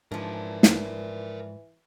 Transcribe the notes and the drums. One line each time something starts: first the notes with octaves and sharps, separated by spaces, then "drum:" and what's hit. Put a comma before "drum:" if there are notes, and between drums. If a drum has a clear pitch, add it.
G#2 E3 F3 D4 A#4 D5
drum: snare